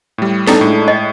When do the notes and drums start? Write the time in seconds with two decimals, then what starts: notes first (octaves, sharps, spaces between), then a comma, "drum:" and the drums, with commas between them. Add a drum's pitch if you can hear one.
0.18 A2 G3
0.47 D4 D#4 A4, drum: snare
0.61 A2 G#3
0.88 D#5